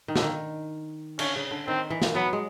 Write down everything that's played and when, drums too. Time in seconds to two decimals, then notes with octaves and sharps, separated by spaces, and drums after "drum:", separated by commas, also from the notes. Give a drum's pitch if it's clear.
0.08 D#3
0.16 D3, drum: snare
0.22 D#3
1.19 D3 C#4, drum: cymbal
1.36 C#3
1.51 D3
1.67 D#3 C4
1.90 E3
2.02 drum: snare
2.15 F#3 B3
2.33 G#3